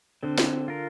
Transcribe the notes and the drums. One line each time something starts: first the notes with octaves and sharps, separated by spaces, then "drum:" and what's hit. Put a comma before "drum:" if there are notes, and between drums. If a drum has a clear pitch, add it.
D3 C4
drum: snare
F4 A#4